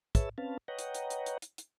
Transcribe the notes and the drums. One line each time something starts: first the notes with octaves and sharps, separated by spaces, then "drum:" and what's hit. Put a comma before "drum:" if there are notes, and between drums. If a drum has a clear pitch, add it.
G#4 B4 C#5 E5 A5 E6, drum: kick, hi-hat
C4 C#4 B4 F5 A5
B4 C#5 D#5 F#5 G5 A#5
drum: hi-hat
drum: hi-hat
drum: hi-hat
drum: hi-hat
drum: hi-hat
drum: hi-hat